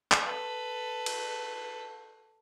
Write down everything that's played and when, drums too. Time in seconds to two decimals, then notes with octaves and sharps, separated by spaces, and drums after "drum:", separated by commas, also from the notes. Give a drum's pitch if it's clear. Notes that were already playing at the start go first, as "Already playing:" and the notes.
0.12 drum: clap
0.23 A4 B4
1.06 drum: cymbal